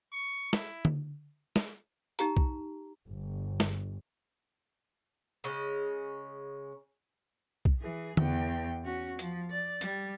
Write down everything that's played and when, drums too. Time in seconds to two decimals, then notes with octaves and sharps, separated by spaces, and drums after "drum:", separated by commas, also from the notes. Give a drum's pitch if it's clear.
0.12 C#6
0.53 E4, drum: snare
0.85 drum: tom D3
1.56 drum: snare
2.19 D#4 G4 A#5, drum: hi-hat
2.37 drum: kick B1
3.09 G1
3.60 drum: snare
5.44 C#3 G#3 C#4
7.65 drum: kick B1
7.80 E3 G#4
8.17 E2 G5, drum: tom D3
8.84 C#4 F#4
9.19 F3, drum: hi-hat
9.50 D5
9.81 G3, drum: hi-hat